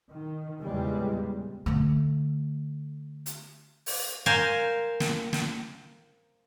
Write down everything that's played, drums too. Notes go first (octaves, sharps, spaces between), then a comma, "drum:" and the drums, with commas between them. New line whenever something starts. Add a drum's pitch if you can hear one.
D#3
E2 A#2 C#3 G3 G#3
D3 A3
drum: hi-hat
drum: open hi-hat
A#4 C5 F5 G#5
drum: snare
drum: snare